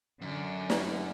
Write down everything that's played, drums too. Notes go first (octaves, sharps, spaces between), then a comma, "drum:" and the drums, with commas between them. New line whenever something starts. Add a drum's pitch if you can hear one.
F#2 D3
D5, drum: snare